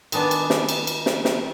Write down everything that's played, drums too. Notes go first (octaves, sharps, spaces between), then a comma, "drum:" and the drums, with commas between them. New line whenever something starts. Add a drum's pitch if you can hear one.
D#3 G#3 B3 D4, drum: cymbal
drum: cymbal
drum: snare
drum: cymbal
drum: cymbal
drum: snare
drum: snare